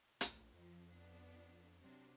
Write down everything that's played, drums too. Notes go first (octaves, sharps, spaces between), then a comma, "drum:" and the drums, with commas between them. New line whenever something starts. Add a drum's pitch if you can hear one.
A#1 A2, drum: hi-hat
F2 F3
B3 D4
C3 F#3 D4